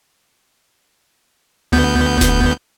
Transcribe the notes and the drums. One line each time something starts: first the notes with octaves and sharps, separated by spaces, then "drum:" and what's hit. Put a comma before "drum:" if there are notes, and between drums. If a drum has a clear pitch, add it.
D2 B3 G6
drum: snare E1